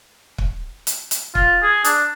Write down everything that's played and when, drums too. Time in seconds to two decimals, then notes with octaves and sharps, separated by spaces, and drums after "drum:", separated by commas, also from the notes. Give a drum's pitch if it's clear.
0.38 drum: kick
0.87 drum: hi-hat
1.11 drum: hi-hat
1.35 F4, drum: kick
1.62 G#4
1.85 D4, drum: hi-hat